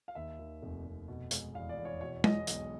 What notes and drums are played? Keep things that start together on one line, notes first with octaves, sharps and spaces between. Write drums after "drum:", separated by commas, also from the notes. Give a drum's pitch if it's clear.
F5
D#2 E5
D#3
F1
F1
B2
G#3, drum: hi-hat
E2 F5
D5
E2
C#5
B2 C#5
G#3 D#5, drum: tom
B1, drum: hi-hat